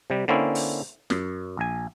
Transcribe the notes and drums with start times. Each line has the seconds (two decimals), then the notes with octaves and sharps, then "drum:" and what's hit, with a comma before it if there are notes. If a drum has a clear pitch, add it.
0.10 C3 G3
0.28 D3 A#3 C4 C#4 E4
0.55 drum: open hi-hat
1.10 F#2, drum: snare
1.57 A#1 G#5